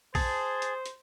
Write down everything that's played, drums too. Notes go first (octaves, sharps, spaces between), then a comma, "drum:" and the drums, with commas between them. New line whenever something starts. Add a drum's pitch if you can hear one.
G#4 C5 A5, drum: kick A#1, open hi-hat
drum: hi-hat
drum: hi-hat